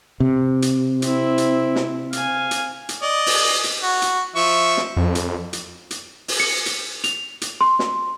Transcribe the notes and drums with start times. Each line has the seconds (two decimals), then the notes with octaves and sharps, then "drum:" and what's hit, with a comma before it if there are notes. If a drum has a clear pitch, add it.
0.20 C3
0.62 drum: hi-hat
1.02 C4 E4, drum: hi-hat
1.38 drum: hi-hat
1.75 drum: snare
2.13 F5 G#5, drum: hi-hat
2.51 drum: hi-hat
2.89 drum: hi-hat
3.02 D5 D#5
3.26 drum: open hi-hat
3.64 drum: hi-hat
3.83 F#4
4.02 drum: hi-hat
4.36 F3 E5 C#6
4.77 drum: snare
4.96 F2
5.15 drum: hi-hat
5.53 drum: hi-hat
5.91 drum: hi-hat
6.28 drum: open hi-hat
6.40 C#7
6.66 drum: hi-hat
7.04 F7, drum: hi-hat
7.41 drum: hi-hat
7.61 C6
7.79 drum: snare